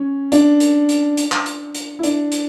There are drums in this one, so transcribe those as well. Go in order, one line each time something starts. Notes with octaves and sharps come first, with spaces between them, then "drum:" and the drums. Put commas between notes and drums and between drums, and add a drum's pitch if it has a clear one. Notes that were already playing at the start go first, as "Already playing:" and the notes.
Already playing: C#4
D4, drum: hi-hat
drum: hi-hat
drum: hi-hat
drum: hi-hat
drum: clap
drum: hi-hat
drum: hi-hat
E4
D4, drum: hi-hat
drum: hi-hat